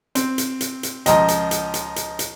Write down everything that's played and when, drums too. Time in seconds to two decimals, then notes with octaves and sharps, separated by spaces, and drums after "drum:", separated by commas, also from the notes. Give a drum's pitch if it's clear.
0.15 C4, drum: hi-hat
0.38 drum: hi-hat
0.61 drum: hi-hat
0.83 drum: hi-hat
1.06 C#2 F3 D#5 G5 A#5, drum: hi-hat
1.28 drum: hi-hat
1.51 drum: hi-hat
1.74 drum: hi-hat
1.96 drum: hi-hat
2.19 drum: hi-hat